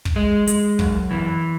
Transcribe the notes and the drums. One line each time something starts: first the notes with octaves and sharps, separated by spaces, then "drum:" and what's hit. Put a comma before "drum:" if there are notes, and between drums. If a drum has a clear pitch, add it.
drum: kick
G#3
G#3, drum: hi-hat
F#2, drum: kick
E3